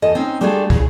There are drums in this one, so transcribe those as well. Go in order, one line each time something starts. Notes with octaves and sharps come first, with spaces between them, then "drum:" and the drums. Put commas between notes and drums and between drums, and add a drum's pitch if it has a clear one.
E2 F4 A4 D#5
C4 C#4 D#4
G3 A3 D4 F4 F#4 G#4
C#3 E4 G#4, drum: kick